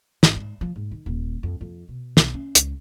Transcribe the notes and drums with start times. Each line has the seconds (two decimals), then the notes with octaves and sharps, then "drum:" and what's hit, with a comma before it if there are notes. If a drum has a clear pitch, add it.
0.23 G#1, drum: snare
0.36 G#2
0.61 F3
0.76 G#2
0.91 D#3
1.06 D#1
1.43 F2
1.61 F2
1.89 B2
2.17 B1, drum: snare
2.34 C#4
2.55 C#2, drum: hi-hat